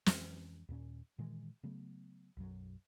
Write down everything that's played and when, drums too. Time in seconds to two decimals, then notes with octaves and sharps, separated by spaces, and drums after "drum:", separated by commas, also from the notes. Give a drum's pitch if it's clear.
0.06 F2 E3 G#3 C#4, drum: snare
0.69 D#2 A#2 C#4
1.18 A#2 D#3 E3 G#3
1.63 C#3 F#3 A3 B3
2.37 B1 F#2 F#3